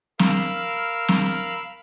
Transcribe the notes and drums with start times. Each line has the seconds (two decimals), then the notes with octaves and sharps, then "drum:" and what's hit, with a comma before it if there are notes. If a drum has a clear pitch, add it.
0.19 A#4 F5 B5 E6 F6, drum: snare
1.08 drum: snare